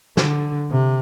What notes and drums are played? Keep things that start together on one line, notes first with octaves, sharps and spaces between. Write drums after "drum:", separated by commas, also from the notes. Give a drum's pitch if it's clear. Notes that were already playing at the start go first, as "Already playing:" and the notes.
D3, drum: snare
C3